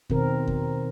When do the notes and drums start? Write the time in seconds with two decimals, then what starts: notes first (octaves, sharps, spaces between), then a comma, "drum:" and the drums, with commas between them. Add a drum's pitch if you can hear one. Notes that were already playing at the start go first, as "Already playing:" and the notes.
0.10 B2 D#3 C4 A#4, drum: kick E2
0.48 drum: kick E2